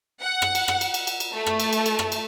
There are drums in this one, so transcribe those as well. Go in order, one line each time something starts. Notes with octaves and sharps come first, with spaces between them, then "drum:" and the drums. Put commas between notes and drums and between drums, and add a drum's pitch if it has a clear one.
F#5
drum: rim click
drum: cymbal
drum: rim click
drum: cymbal
drum: cymbal
drum: cymbal
drum: cymbal
A3
drum: rim click
drum: cymbal
drum: cymbal
drum: cymbal
drum: rim click
drum: cymbal